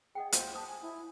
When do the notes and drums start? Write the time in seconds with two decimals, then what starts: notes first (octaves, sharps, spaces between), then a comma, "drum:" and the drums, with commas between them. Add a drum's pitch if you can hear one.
0.15 G#4 D#5 F#5 G5
0.32 C5 F5, drum: hi-hat
0.55 A5 D#6
0.68 G#5
0.82 E4